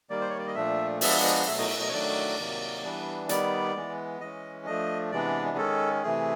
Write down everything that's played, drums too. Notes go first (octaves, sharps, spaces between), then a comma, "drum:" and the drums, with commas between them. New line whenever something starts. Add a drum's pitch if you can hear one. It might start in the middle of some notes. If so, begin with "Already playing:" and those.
D#3 G3 A#3 D5
C5
C#5
D5
D#5
A#2 F3 A3 D4 E5
F3 G#3 B3 D4 E5, drum: open hi-hat
D#5
B2 F#3 A3 E5
D#5, drum: cymbal
E5
D#5
C#5
D#3 F#3 A3 D4 D5
C3 D#3 F#3 A#3
E3 G3 B3 D4
D#3 G3 B3 D5, drum: hi-hat
E3 G#3 B3
E3 G#3 C#4 D#5
F3 A3 D4 D#5
C3 E3 G#3 B3 D4 D5
D#3 G#3 C#4 A4
C3 E3 A3 G#4